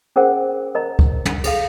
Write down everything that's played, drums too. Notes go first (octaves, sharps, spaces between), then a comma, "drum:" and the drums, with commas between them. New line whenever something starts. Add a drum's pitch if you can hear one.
C#4 G#4 A#4 C5 F#5
A#4 D#5 A#5
drum: kick C#2
drum: tom
G#4 A4 F5, drum: cymbal